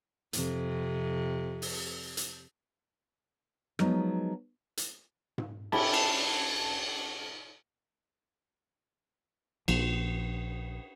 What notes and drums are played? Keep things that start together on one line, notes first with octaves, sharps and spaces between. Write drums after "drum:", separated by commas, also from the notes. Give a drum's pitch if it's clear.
F2 C3, drum: hi-hat
drum: open hi-hat
drum: hi-hat
F3 F#3 G#3 B3 D#4, drum: rim click
drum: hi-hat
drum: tom G#2
C#4 E4 G4 A5, drum: cymbal
drum: cymbal
A#1 F3, drum: cymbal